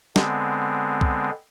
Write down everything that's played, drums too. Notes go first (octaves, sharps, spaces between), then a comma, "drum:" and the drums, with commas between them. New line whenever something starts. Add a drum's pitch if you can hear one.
D3 G#3 B3 C4, drum: snare
drum: kick